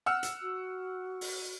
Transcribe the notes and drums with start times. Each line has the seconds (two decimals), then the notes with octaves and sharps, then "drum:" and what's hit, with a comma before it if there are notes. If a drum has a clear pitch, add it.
0.06 F#5 E6 F6
0.23 drum: hi-hat
0.42 F#4
1.21 drum: open hi-hat